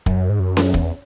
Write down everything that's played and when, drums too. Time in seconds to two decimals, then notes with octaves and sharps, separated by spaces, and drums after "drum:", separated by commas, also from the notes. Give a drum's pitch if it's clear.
0.06 F#2, drum: kick
0.30 G#2
0.40 F#2
0.57 drum: snare C#4
0.74 E2, drum: kick